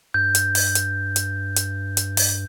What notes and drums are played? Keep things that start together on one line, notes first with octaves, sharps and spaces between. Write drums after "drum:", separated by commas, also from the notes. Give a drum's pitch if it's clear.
G2 G6
drum: hi-hat
drum: open hi-hat
drum: hi-hat
drum: hi-hat
drum: hi-hat
drum: hi-hat
drum: open hi-hat